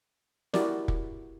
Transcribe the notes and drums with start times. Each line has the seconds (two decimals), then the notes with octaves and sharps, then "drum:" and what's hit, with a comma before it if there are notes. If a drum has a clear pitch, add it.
0.54 E4 F#4 G4 A#4 D5, drum: snare
0.88 drum: kick